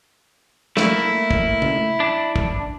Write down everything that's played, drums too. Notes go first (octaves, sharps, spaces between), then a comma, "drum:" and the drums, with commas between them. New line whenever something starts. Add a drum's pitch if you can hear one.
A3 A#3 E4, drum: snare
drum: kick
drum: tom C3
D4
drum: kick